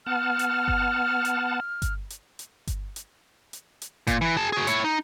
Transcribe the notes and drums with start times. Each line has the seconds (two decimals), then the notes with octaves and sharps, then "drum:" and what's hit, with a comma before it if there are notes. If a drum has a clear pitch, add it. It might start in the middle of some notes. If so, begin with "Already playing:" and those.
0.06 B3 F#5 A5 F6
0.39 drum: hi-hat
0.68 drum: kick G1
1.25 drum: hi-hat
1.82 drum: kick G1, hi-hat
2.10 drum: hi-hat
2.39 drum: hi-hat
2.67 drum: kick G1, hi-hat
2.96 drum: hi-hat
3.53 drum: hi-hat
3.82 drum: hi-hat
4.07 A#2, drum: kick G1, hi-hat
4.21 E3
4.37 G#4 A5
4.52 F#4 G#4
4.67 E4 C#5, drum: hi-hat
4.85 D#4